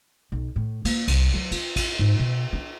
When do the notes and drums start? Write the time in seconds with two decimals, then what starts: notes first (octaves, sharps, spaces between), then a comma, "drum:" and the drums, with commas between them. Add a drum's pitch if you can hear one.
0.32 B1
0.56 A2
0.85 A#3, drum: cymbal
1.08 C2, drum: cymbal
1.34 F#3
1.51 F4, drum: cymbal
1.76 drum: kick, cymbal
1.99 G#2
2.19 B2
2.53 D4